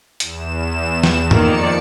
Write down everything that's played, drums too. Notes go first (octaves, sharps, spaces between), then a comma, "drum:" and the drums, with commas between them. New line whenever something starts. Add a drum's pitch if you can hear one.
E2 E7, drum: hi-hat
drum: snare
F2 D#3 A#3 D5 C#7, drum: tom G2